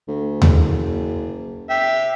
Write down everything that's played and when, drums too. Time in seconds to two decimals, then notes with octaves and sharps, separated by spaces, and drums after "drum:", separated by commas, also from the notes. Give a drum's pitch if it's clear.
0.08 D2
0.42 F#1, drum: tom D#2
1.70 E5 G5